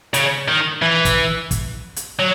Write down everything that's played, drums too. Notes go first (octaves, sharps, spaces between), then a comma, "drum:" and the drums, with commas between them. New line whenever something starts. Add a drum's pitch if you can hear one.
C#3, drum: hi-hat
D#3
E3
drum: kick, hi-hat
drum: kick, hi-hat
drum: hi-hat
F#3